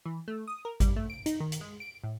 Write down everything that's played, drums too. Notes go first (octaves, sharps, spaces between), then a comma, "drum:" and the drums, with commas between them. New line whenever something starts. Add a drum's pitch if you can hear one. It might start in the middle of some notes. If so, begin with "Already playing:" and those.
E3
A3
D#6
A#4
G3, drum: kick G#1, hi-hat
A3
D7
D#4, drum: hi-hat
D#3
drum: hi-hat
G#3
D7
A2